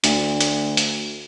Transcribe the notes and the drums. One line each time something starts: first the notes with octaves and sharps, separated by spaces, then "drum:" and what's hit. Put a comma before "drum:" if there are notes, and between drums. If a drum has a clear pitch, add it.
D2, drum: hi-hat
drum: hi-hat
drum: hi-hat